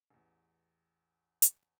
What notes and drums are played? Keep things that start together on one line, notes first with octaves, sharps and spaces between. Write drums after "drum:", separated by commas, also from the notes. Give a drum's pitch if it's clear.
A1 E2
drum: hi-hat